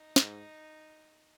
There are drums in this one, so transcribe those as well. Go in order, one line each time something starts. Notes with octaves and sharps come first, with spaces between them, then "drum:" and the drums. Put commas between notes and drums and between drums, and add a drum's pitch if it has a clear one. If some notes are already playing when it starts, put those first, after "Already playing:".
Already playing: D#4
G#2, drum: snare